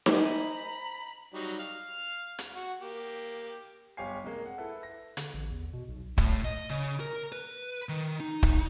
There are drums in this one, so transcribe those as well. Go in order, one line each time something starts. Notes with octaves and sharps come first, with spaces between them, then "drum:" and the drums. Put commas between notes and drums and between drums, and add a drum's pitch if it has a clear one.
drum: snare D#4
C5 D#5 G#5 A#5 B5
F#3 G3 D#4
F5 F6
drum: hi-hat
F#4
A#3 G4
G1 G4 C#5 F5 G#5 C7
C3 G#3 A#3
F#5
E4 A4 B4
A#6
D3, drum: hi-hat
A1
E2
B2
B1
A2, drum: kick
D#5
C#3
A#4
B4
D#3
D#4
drum: kick